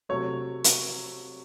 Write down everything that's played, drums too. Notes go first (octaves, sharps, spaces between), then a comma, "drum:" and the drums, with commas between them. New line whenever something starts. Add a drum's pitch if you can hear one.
C3 F#3 A3 C#5
drum: hi-hat